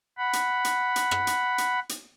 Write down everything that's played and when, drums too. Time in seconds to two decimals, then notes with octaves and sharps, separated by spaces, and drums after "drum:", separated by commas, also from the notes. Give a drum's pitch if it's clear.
0.18 F#5 B5
0.33 drum: hi-hat
0.65 drum: hi-hat
0.96 drum: hi-hat
1.11 drum: rim click
1.27 drum: hi-hat
1.58 drum: hi-hat
1.89 drum: hi-hat